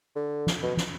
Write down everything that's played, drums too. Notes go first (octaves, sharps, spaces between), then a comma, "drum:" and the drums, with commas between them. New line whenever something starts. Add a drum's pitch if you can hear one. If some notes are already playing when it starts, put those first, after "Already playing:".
D3
drum: snare
B2
drum: snare